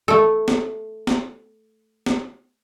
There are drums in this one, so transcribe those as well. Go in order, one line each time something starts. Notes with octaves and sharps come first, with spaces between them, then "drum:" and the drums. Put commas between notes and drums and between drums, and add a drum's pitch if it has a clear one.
A3 A4
drum: snare
drum: snare
drum: snare